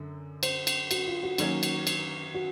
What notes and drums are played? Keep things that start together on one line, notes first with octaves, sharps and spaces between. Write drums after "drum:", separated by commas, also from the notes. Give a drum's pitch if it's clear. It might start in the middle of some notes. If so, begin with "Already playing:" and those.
Already playing: F#2 D3
C5, drum: cymbal
drum: cymbal
F#4, drum: cymbal
F4
F#4
D#3 F#3 A#3 C#4, drum: cymbal
drum: cymbal
drum: cymbal
F#4